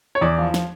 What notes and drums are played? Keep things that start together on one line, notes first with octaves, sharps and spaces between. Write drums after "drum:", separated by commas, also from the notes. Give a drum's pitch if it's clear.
C#5
E2 D5
F3
drum: snare